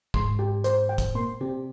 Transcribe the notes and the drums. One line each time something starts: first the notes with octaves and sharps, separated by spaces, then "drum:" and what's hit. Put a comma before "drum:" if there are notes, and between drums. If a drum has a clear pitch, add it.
G#2 G#3 C6, drum: kick
G4
C5, drum: hi-hat
G5
drum: kick, hi-hat
A#2 A#3 C6
C3 C4 G4